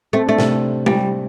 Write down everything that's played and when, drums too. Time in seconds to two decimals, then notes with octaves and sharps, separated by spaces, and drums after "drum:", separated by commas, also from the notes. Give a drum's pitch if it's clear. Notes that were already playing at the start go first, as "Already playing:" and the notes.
0.13 A3 C4
0.26 A3 D4
0.38 C3 C4, drum: snare
0.86 G3, drum: tom G#3